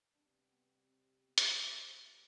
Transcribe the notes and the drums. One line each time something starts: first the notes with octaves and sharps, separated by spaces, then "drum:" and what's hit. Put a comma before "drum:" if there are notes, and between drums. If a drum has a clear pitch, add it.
C3 G3 B3 D4
B3
C4
B3
drum: hi-hat
A2 G3 B3 C4